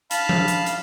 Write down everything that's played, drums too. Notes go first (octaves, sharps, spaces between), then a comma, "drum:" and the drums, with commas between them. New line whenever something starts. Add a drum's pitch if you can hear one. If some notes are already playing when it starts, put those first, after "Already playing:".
F5 A5 B5, drum: hi-hat
drum: tom F3
drum: hi-hat
drum: hi-hat